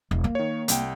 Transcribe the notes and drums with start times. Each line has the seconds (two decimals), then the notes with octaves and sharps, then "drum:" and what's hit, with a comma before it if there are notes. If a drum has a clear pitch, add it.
0.11 E1
0.24 A#3
0.35 D#3 C#5
0.68 C2 G5, drum: hi-hat